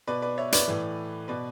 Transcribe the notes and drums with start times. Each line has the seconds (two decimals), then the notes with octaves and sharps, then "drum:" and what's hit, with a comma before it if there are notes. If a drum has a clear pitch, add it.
0.07 B2 B4 D5
0.22 B4 D5
0.38 C#5 E5
0.52 B4 D5, drum: hi-hat
0.68 A2 E3
1.28 B2 B4 D5